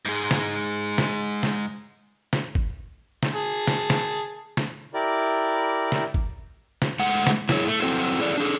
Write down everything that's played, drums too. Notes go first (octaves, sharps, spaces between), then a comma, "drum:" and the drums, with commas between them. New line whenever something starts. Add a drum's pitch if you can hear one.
G#2 G#3
drum: snare
drum: snare
drum: snare
drum: snare
drum: kick G1
drum: snare
G#4 A5
drum: snare
drum: snare
drum: snare
E4 G4 A#4 D5
drum: snare
drum: kick G1
drum: snare
G#3 A3 F#5
drum: snare
E4 G#4 C#5, drum: snare
A3
C4 E4 F#4 A4 C5
E4 G#4 A4 D5
D4 G#4 A4